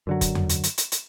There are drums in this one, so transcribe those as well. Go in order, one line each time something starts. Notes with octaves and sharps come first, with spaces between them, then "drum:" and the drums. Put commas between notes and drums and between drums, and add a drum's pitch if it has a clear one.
F#2 D3 F#3
drum: kick F1, hi-hat
drum: tom E2
drum: hi-hat
drum: hi-hat
drum: hi-hat
drum: hi-hat